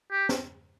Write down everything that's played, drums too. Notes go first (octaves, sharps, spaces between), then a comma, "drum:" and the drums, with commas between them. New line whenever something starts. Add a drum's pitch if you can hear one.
G4
drum: snare